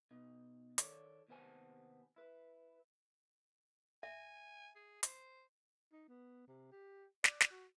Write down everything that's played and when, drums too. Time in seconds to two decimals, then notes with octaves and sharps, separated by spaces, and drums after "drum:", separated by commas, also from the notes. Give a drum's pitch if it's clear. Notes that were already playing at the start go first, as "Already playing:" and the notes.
0.11 B2 D#4
0.78 D#3 A4 C#5 D5, drum: hi-hat
1.28 D#2 C3 B3 C5 G#5 A5
2.16 E4 B4
4.03 E5 G#5
4.76 G#4
5.03 C5, drum: hi-hat
5.92 D#4
6.08 B3
6.47 C3
6.72 G4
7.24 D5, drum: snare
7.40 drum: snare
7.51 F#4